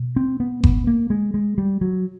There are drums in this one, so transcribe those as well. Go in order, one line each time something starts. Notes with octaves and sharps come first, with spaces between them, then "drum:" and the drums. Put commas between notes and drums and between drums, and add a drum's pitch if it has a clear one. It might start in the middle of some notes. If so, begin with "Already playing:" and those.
Already playing: B2
C4
B3
B3, drum: kick F#1
A#3
G#3
G#3
G3
F#3